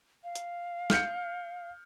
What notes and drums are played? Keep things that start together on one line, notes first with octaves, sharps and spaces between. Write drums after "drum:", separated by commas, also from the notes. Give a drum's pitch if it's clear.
F5
drum: hi-hat
F6 G6 C#7, drum: snare